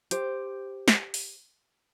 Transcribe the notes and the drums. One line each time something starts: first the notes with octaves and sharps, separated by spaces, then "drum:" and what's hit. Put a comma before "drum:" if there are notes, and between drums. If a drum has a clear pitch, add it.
G4 C5, drum: hi-hat
drum: snare
drum: open hi-hat